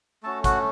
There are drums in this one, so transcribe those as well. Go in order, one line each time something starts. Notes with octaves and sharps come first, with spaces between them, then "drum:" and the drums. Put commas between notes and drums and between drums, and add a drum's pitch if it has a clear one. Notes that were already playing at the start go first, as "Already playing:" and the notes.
A3 C#4 F#4 A4 A5
F#4 F#5, drum: kick, hi-hat